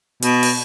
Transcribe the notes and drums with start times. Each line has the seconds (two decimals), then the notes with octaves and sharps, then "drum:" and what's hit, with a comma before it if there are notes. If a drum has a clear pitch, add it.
0.22 B2, drum: hi-hat
0.43 drum: open hi-hat